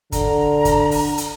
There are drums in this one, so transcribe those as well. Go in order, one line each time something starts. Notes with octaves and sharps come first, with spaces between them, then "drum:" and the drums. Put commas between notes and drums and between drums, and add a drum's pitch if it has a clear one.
D3 A#5, drum: kick, hi-hat
drum: kick, hi-hat
drum: open hi-hat
drum: hi-hat